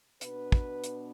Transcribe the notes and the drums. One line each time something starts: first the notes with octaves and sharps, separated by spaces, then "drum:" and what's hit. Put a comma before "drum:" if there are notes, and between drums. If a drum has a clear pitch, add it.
B2 B3 D4 B4, drum: hi-hat
drum: kick
drum: hi-hat